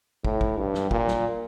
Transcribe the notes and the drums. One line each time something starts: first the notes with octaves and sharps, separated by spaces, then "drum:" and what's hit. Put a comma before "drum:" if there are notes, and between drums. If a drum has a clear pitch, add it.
A2, drum: kick
drum: kick
G2
drum: snare
A#2, drum: kick
drum: snare